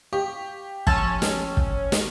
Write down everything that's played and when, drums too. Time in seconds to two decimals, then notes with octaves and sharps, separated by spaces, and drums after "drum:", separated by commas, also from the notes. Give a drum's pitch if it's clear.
0.13 G4 F5 C#6
0.87 F3 C#4 A5 E6, drum: kick
1.22 drum: snare
1.57 drum: kick
1.92 drum: snare